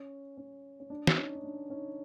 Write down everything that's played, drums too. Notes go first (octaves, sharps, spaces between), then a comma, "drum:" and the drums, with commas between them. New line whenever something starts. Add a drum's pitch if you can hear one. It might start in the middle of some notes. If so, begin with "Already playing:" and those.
Already playing: C#4
C#4
C#4
D4
drum: snare
C#4 D#4
D#4
D4
C#4 D#4